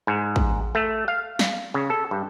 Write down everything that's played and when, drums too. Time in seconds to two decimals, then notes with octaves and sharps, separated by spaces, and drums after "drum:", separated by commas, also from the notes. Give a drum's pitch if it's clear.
0.07 G#2
0.36 drum: kick A1
0.75 A3
1.08 F5
1.39 drum: snare
1.74 C#3
1.90 A4
2.11 G2